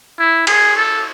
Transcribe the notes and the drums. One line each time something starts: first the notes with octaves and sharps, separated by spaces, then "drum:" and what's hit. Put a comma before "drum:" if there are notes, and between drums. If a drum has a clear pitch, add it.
E4
G#4, drum: cymbal
A4